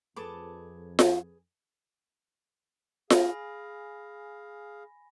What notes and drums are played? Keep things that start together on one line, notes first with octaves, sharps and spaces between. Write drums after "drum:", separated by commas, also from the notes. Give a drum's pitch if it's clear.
F2 G#4 A4 B4 A5 D6
drum: snare F4
G#4 F5 G#5 B5 A#6, drum: snare F4